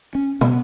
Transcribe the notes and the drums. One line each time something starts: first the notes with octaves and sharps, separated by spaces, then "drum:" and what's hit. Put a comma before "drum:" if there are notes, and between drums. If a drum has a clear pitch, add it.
C#4
A#2 B3, drum: tom